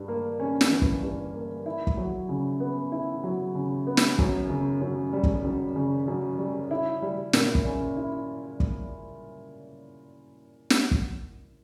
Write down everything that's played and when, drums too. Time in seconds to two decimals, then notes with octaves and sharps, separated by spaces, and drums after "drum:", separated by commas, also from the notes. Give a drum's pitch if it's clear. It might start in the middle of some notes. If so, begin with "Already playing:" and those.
Already playing: G2
0.08 A#3
0.40 C#4
0.61 drum: snare
0.71 E3
0.82 drum: kick
1.03 G2
1.34 A#3
1.66 E4
1.87 drum: kick
1.97 F#3
2.29 C#3
2.60 B3
2.92 E4
3.24 F#3
3.55 C#3
3.87 B3
3.97 drum: snare
4.19 F#2, drum: kick
4.50 C#3
4.81 F#2
5.13 G3
5.23 drum: kick
5.44 F#2
5.76 C#3
6.08 F#2
6.39 G3
6.71 E4
7.02 G3
7.33 A#2, drum: snare
7.55 drum: kick
7.65 C#4
7.97 E4
8.60 drum: kick
10.70 drum: snare
10.91 drum: kick